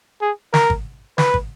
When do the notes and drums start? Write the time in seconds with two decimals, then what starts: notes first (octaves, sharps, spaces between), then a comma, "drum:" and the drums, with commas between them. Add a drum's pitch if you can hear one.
0.22 G#4
0.54 A#4, drum: snare
0.70 drum: kick
1.18 B4, drum: snare
1.34 drum: kick